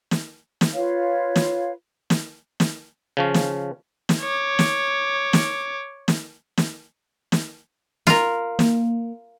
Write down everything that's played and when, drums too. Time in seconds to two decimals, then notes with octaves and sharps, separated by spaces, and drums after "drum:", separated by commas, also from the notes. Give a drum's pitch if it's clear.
0.11 drum: snare
0.61 drum: snare
0.74 F4 B4 C#5 F5
1.36 drum: snare
2.10 drum: snare
2.60 drum: snare
3.17 C#3 F3 C#4
3.34 drum: snare
4.09 drum: snare
4.21 C#5 D6
4.59 drum: snare
5.33 drum: snare
6.08 drum: snare
6.58 drum: snare
7.32 drum: snare
8.07 F4 A#4, drum: snare
8.59 A#3, drum: snare